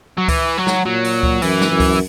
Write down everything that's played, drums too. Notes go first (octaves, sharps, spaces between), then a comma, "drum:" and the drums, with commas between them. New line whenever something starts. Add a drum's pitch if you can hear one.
F#3
E3, drum: kick C#2, open hi-hat
F#3
drum: snare
A#2 F#3
drum: open hi-hat
drum: kick C#2
F#2 E3, drum: open hi-hat
drum: snare
F#2
drum: kick C#2, open hi-hat